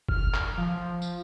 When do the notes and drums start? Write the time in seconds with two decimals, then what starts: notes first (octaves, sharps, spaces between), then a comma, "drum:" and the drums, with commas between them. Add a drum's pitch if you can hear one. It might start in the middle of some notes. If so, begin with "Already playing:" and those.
0.09 F6, drum: kick
0.34 drum: clap
0.58 F3
1.02 drum: tambourine